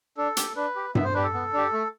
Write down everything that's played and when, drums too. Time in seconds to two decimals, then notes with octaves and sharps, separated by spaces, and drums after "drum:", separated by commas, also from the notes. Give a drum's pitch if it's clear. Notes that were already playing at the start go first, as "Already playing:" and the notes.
0.18 D4 A4
0.37 G4, drum: hi-hat
0.56 D4 B4
0.76 G4
0.95 B3 E5, drum: tom G2
1.05 C5
1.14 D4 G4 B4
1.24 A4
1.34 B3
1.53 D4 G4
1.73 A3